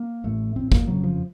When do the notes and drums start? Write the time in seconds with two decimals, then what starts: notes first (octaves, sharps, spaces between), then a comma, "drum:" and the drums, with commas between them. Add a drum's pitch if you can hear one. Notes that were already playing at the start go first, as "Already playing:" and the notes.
Already playing: A#3
0.24 A1 A2 A3
0.56 A1 A2 C4
0.72 A#3, drum: kick
0.87 F1 F2 C#3 F#3
1.03 F3